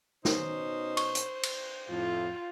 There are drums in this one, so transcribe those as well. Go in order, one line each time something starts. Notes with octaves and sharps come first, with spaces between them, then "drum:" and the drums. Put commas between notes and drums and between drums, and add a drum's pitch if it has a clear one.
B2 C#4 D#4 C5, drum: snare
C#6, drum: cymbal
drum: hi-hat
drum: cymbal
F2 A2 F4